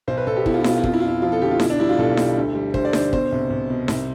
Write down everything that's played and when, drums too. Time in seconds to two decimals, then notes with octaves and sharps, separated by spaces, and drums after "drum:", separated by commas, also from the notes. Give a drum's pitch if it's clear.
0.08 B1 C5
0.17 B4
0.27 B1 A4
0.36 G4
0.46 B3 E4, drum: kick
0.54 F4
0.61 E4
0.64 B2 F4, drum: snare D#4
0.78 E4
0.84 F2 F4, drum: kick
0.93 E4
1.00 F2 F4
1.08 E4
1.22 F3 F4
1.32 A4
1.41 D3 G4
1.51 F4
1.60 B2 E4, drum: snare D#4
1.70 D4
1.79 G3 E4
1.89 F4
1.98 B1 A4
2.17 G3, drum: snare D#4
2.36 D2
2.55 G3
2.74 D2 C5, drum: kick
2.85 D5
2.93 D3 C5, drum: snare D#4
3.13 B2 C5, drum: kick
3.32 C2
3.50 C2
3.70 B2
3.88 C2, drum: snare D#4